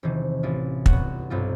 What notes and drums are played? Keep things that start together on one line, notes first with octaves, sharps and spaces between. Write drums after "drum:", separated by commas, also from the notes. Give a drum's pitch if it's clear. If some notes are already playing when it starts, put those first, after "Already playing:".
E1 C3 D#3 E3
A1 E4 F4
G1 B3 F#4 C#5 F#5, drum: kick
B1 G2 C4 F4